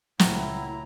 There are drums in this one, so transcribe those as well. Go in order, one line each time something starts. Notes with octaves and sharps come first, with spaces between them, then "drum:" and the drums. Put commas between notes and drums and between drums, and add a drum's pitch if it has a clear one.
C#2 A#2 F#3 A3 E4 F#5 G5 A#5, drum: snare